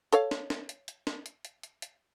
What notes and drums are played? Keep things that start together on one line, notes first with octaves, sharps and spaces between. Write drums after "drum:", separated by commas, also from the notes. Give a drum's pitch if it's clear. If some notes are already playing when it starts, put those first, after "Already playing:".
A4 C#5 F5, drum: hi-hat
drum: snare
drum: snare
drum: hi-hat
drum: hi-hat
drum: snare
drum: hi-hat
drum: hi-hat
drum: hi-hat
drum: hi-hat